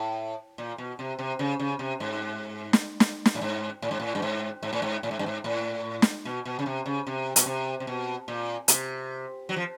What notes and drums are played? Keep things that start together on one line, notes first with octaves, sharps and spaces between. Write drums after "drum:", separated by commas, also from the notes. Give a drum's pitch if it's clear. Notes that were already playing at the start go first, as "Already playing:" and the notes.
Already playing: A2
A#2
B2
C3
C3
C#3
C#3
C3
G#2
drum: snare
drum: snare
drum: snare
A2
G#2
A2
G#2
A2
G2
G#2
G#2
A2
G#2
A2
G#2
G2
G#2
A2
drum: snare
B2
B2
C#3
C3
C#3
C3
B2, drum: hi-hat
C3
C3
B2
A#2
C3, drum: hi-hat
F#3
F3